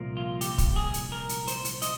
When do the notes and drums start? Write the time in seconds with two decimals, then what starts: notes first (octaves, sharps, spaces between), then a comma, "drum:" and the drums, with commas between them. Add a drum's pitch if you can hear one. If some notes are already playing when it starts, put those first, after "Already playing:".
Already playing: C2 A#2 F3 A#3
0.17 F4
0.41 G4, drum: hi-hat
0.58 drum: kick, hi-hat
0.76 G#4
0.94 drum: hi-hat
1.12 A#4
1.29 drum: hi-hat
1.48 C5, drum: hi-hat
1.65 drum: hi-hat
1.82 D#5, drum: hi-hat